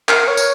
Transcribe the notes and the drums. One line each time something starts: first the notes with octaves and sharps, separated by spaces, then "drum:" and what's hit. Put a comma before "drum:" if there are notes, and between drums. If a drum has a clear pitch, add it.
A#4, drum: clap
C#5
drum: tambourine